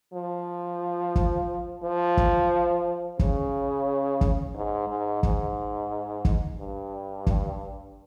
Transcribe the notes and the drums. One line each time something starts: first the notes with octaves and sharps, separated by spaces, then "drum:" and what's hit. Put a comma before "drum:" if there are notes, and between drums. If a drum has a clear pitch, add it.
F3
drum: kick
F3
drum: kick
C#3, drum: kick
drum: kick
G#2
G#2
G#2, drum: kick
drum: kick
G2
drum: kick